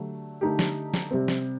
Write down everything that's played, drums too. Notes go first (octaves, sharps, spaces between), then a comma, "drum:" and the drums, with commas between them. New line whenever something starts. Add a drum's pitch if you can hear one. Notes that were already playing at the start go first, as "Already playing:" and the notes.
Already playing: D3 F#3 A3 D4 G4
D3 A3 D#4 G4
drum: snare
drum: snare
C3 G3 C4
drum: snare